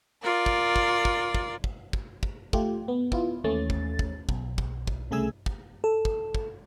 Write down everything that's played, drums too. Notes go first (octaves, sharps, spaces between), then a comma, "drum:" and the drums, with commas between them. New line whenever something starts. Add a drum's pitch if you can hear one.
F4 A#4 D5
drum: kick
drum: kick
drum: kick
drum: kick
drum: kick
drum: kick
drum: kick
A3 F4 G4, drum: kick
B3
B3 E4 F4, drum: kick
D#2 E3 A3 C#4 A6
drum: kick
drum: kick
B1, drum: kick
drum: kick
drum: kick
C2 C#3 A3 G#4 G#5 E6
drum: kick
A4
drum: kick
drum: kick